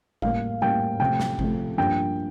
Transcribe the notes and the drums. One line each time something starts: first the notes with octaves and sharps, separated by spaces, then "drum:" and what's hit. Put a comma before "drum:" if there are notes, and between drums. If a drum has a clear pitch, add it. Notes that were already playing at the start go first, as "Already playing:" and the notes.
A2 G3 A#3 F5, drum: kick G1
A2 G3 A#3 G5
C3 F3 A3 G5
drum: snare
C3 F3 A3, drum: kick G1
G2 F3 A#3 G5